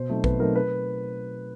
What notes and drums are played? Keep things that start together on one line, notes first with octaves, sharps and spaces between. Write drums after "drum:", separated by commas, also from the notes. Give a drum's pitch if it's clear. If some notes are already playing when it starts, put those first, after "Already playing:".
Already playing: B2 C5
F#3 A3 C4 D#4
B2 B4, drum: kick A#1
F#3 A3 C4 D#4 A#4
B4